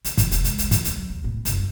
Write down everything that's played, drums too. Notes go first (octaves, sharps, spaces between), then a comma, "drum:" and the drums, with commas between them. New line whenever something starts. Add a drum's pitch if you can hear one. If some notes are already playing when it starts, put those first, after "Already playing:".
D#2, drum: hi-hat
F#1, drum: kick, hi-hat
F1, drum: hi-hat
G#3, drum: hi-hat
C2, drum: hi-hat
F#3, drum: kick, hi-hat
D2, drum: hi-hat
F#3
D#2
A2
F#1, drum: hi-hat
G2